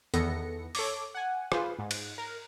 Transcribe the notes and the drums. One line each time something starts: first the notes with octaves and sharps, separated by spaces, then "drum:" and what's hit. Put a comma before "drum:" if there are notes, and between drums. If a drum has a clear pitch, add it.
E2 D#3 B3 A4 A#6 C#7, drum: hi-hat
A4 C#5 D6, drum: open hi-hat
F#5 G#5
F4 G#4 B4 C5, drum: rim click
G#2
drum: cymbal
A#4